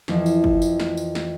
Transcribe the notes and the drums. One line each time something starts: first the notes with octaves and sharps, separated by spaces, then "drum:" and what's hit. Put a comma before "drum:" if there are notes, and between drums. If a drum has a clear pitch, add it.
F2 E3, drum: snare
drum: tambourine
drum: kick
drum: tambourine
drum: snare
drum: tambourine
drum: snare